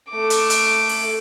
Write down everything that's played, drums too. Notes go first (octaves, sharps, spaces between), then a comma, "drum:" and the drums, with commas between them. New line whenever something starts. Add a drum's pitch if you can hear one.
A3 D6
drum: hi-hat
drum: hi-hat
drum: open hi-hat